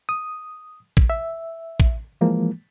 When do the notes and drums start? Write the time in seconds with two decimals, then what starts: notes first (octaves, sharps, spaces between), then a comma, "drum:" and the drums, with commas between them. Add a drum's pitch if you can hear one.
0.09 D#6
0.97 drum: kick
1.10 E5
1.80 drum: kick
2.21 E3 F3 G#3 A#3